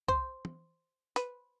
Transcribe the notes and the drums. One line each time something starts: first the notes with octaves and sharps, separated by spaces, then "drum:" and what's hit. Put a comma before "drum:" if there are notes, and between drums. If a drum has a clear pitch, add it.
C5, drum: kick
drum: tom
B4, drum: hi-hat